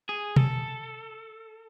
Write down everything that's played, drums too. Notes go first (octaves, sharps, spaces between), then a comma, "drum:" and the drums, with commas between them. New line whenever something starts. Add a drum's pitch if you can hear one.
G#4
A4, drum: tom B2